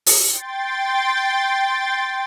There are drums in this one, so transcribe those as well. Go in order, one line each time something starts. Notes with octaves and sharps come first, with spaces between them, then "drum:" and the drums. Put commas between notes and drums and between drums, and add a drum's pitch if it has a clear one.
drum: open hi-hat
G5 C6 A6